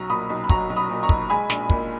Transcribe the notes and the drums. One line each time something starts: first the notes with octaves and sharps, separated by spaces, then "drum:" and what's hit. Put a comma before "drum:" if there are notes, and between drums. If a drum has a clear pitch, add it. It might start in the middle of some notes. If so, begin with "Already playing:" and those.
Already playing: B1 F#3 A#5 C#6
A#2 B5 D#6
B1
B5
F#3 A#5 C#6, drum: kick
B1
B5 D#6
A#2
A#5 C#6
B1, drum: kick
G#3 G#5 B5
A#1, drum: snare
A#2, drum: kick